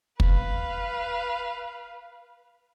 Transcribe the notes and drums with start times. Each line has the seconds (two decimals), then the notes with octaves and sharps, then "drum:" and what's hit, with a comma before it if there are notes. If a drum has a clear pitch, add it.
0.20 B4 F5, drum: kick